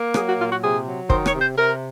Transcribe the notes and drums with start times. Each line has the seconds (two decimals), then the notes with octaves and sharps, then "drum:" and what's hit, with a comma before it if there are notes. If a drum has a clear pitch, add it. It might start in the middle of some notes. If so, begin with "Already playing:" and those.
Already playing: A#3
0.14 F#3 G#4, drum: rim click
0.26 F#4
0.38 A#2 F4
0.51 F#4
0.62 C3 G#4
0.86 F#3
1.10 D#3 C5, drum: kick
1.26 C#5, drum: rim click
1.33 C3
1.41 C5
1.57 C3 A#4